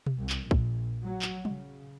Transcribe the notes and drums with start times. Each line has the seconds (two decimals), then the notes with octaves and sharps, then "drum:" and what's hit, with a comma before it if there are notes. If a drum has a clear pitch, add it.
0.06 drum: tom B2
0.19 C2
0.30 drum: clap
0.51 A#1, drum: kick
1.04 F#3
1.22 drum: clap
1.45 C#3, drum: tom G3